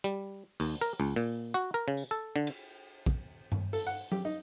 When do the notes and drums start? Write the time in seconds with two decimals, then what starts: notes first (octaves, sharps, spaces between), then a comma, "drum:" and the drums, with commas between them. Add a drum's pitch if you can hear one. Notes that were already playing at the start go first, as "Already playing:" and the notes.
0.04 G3
0.60 D#2, drum: open hi-hat
0.81 A#4
1.00 C#2
1.16 A#2
1.54 F#4
1.74 A#4
1.88 C#3
1.97 drum: tambourine
2.11 A4
2.36 D3
2.47 drum: cymbal
3.06 drum: kick
3.52 drum: tom G2
3.73 A4, drum: open hi-hat
3.87 F#5
4.12 G4, drum: tom F#3
4.25 D#4